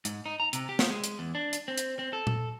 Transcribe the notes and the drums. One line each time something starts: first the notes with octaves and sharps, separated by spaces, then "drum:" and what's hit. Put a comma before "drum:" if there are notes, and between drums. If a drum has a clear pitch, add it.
G#2, drum: hi-hat
D#4
A#5
C3, drum: hi-hat
G4
drum: snare
G#3
drum: hi-hat
E2
D4
drum: hi-hat
C4
drum: hi-hat
C4
A4
drum: tom A#2